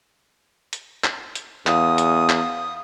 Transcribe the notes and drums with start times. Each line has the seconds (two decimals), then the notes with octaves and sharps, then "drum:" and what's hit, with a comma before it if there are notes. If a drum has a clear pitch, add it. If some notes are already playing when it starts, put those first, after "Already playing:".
0.73 drum: hi-hat
1.04 drum: clap
1.35 drum: hi-hat
1.67 E2 F5 D#6, drum: clap
1.98 drum: hi-hat
2.29 drum: clap